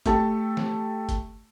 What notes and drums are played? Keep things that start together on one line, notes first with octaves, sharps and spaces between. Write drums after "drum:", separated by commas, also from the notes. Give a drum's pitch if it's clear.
A3 G4 A4 A5, drum: kick, hi-hat
drum: snare
drum: kick, hi-hat